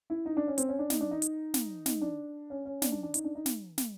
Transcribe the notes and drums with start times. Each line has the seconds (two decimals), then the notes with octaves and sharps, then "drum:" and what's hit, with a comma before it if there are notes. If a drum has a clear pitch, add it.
0.10 E4
0.26 D#4
0.37 D4
0.48 C#4
0.58 C4, drum: hi-hat
0.69 C#4
0.79 D4
0.90 D#4, drum: snare
1.01 D4
1.11 D#4
1.22 drum: hi-hat
1.54 drum: snare
1.86 D#4, drum: snare
2.01 D4
2.50 C#4
2.65 C#4
2.82 D4, drum: snare
2.92 D4
3.03 D4
3.14 D#4, drum: hi-hat
3.24 D4
3.35 D#4
3.46 drum: snare
3.78 drum: snare